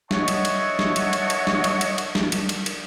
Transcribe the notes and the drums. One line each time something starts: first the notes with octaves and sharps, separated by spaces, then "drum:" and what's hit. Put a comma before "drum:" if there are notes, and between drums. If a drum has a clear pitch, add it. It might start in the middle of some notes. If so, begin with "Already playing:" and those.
C#5 D#5 E5 F#5 A5 C#6, drum: snare
drum: cymbal
drum: cymbal
drum: snare
drum: cymbal
drum: cymbal
drum: cymbal
drum: snare
drum: cymbal
drum: cymbal
drum: cymbal
drum: snare
drum: cymbal
drum: cymbal
drum: cymbal